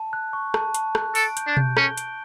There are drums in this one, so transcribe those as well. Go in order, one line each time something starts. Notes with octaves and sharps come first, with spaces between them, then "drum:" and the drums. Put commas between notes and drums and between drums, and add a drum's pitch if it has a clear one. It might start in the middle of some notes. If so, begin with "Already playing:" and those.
Already playing: A5
F#6
C#6
A5, drum: rim click
A5, drum: hi-hat
F#6, drum: rim click
A4 D7, drum: open hi-hat
G6, drum: hi-hat
D4
G6, drum: tom B2
C#4 G7, drum: rim click
D7, drum: hi-hat